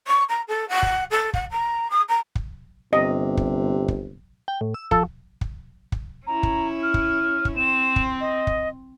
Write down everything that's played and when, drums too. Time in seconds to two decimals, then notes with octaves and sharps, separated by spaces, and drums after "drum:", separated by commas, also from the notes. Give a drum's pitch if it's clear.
0.07 C#6
0.29 A#5
0.48 A4
0.69 F#5
0.83 drum: kick
1.11 A4
1.34 F#5, drum: kick
1.51 A#5
1.90 D#6
2.09 A#5
2.35 drum: kick
2.93 G1 C3 D#5
3.37 drum: kick
3.88 drum: kick
4.48 G5
4.61 A2
4.74 E6
4.91 F3 A4, drum: kick
5.41 drum: kick
5.92 drum: kick
6.27 C#4 E4 A#5
6.43 drum: kick
6.83 F6
6.94 drum: kick
7.45 drum: kick
7.56 C4 E7
7.96 drum: kick
8.21 D#5
8.47 drum: kick